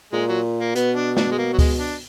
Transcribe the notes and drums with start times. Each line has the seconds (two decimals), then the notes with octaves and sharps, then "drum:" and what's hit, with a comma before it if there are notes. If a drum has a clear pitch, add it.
0.13 A#2 G#3
0.29 F#3
0.61 A#3
0.76 B2 B3, drum: hi-hat
0.96 D4
1.17 D4, drum: snare
1.32 G#3
1.38 A#3
1.53 F#3
1.59 G#3, drum: kick C#2, open hi-hat
1.79 D4